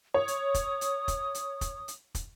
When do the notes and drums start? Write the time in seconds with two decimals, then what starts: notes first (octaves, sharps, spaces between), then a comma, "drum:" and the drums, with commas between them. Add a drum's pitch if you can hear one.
0.14 C#5 D#6
0.28 drum: hi-hat
0.54 drum: kick, hi-hat
0.81 drum: hi-hat
1.08 drum: kick, hi-hat
1.35 drum: hi-hat
1.61 drum: kick, hi-hat
1.88 drum: hi-hat
2.15 drum: kick, hi-hat